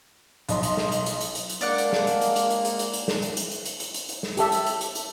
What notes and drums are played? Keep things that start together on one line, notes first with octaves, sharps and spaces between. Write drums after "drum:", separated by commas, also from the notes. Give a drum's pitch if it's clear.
B1 D#5 C6, drum: hi-hat
drum: hi-hat
drum: snare
drum: hi-hat
drum: hi-hat
drum: hi-hat
drum: hi-hat
drum: hi-hat
G#3 A#3 D4 D5 F#5, drum: hi-hat
drum: hi-hat
drum: snare
drum: hi-hat
drum: hi-hat
drum: hi-hat
drum: hi-hat
drum: hi-hat
drum: hi-hat
drum: hi-hat
drum: snare
drum: hi-hat
drum: hi-hat
drum: hi-hat
drum: hi-hat
drum: hi-hat
drum: hi-hat
drum: hi-hat
drum: snare
G4 A4 E5, drum: hi-hat
drum: hi-hat
drum: hi-hat
drum: hi-hat
drum: hi-hat